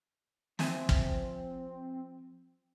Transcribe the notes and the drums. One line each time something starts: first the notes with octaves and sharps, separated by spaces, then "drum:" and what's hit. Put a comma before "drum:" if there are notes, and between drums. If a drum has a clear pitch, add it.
F3 C4 E5 G#5, drum: snare
drum: kick